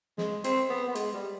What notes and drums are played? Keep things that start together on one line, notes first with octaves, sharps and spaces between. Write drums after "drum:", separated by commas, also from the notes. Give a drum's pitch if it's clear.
G#3, drum: snare
C4, drum: hi-hat
B3
B3
G#3, drum: hi-hat
G3